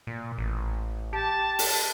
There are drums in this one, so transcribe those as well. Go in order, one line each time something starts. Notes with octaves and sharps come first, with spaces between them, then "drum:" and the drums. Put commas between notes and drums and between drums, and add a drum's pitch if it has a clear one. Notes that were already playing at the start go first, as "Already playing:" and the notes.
A#2
A1
G4 A5
drum: open hi-hat